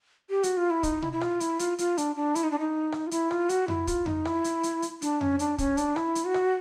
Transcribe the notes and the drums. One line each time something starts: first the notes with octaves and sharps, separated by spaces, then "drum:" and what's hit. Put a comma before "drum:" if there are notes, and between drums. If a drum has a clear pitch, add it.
G4
F#4, drum: hi-hat
F4
E4
D#4, drum: kick, hi-hat
E4, drum: tom B2
E4
F4, drum: rim click
E4, drum: hi-hat
F4, drum: hi-hat
F4, drum: hi-hat
D4, drum: hi-hat
D4
E4, drum: hi-hat
D#4
D4
D#4
drum: rim click
F4
E4, drum: hi-hat
F4, drum: rim click
F#4, drum: hi-hat
E4, drum: tom F2
F4, drum: kick, hi-hat
D#4, drum: tom F2
E4, drum: rim click
drum: hi-hat
drum: hi-hat
drum: hi-hat
D4, drum: hi-hat
C#4, drum: tom F2
D4, drum: hi-hat
C#4, drum: kick, hi-hat
D4, drum: hi-hat
E4, drum: rim click
drum: hi-hat
F#4
drum: rim click